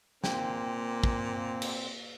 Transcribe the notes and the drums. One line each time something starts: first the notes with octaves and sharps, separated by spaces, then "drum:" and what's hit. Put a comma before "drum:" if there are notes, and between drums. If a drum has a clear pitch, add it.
A#2 A#3 C4 G5, drum: snare
drum: kick
drum: cymbal